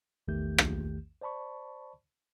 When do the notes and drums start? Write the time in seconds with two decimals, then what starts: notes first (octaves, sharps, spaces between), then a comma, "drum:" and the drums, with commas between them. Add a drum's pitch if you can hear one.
0.28 A#1 E2 D#3 A3 G4 G6
0.58 drum: rim click
1.21 C5 D5 A5 B5 C#6